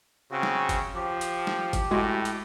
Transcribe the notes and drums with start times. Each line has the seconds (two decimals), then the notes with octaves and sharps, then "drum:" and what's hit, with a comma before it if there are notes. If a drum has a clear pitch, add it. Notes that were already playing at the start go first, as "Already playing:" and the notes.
0.31 C#3 C4 F#4
0.43 drum: snare
0.69 drum: kick, hi-hat
0.95 F3 G4
1.21 drum: hi-hat
1.47 drum: snare
1.73 drum: kick, hi-hat
1.91 A2 G#3 F#4
2.25 drum: hi-hat